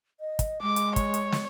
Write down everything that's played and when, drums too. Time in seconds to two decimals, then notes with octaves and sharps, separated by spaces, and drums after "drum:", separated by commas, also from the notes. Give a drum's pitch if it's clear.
0.20 D#5
0.39 drum: kick, hi-hat
0.62 G#3 D6
0.76 drum: hi-hat
0.96 C#5, drum: kick, hi-hat
1.14 drum: hi-hat
1.32 drum: snare